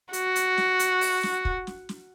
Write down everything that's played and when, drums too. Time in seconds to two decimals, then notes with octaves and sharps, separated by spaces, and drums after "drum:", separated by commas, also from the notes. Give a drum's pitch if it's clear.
0.13 F#4, drum: hi-hat
0.36 drum: hi-hat
0.57 drum: snare
0.79 drum: hi-hat
1.01 drum: open hi-hat
1.23 drum: snare
1.45 drum: kick
1.67 drum: snare
1.89 drum: snare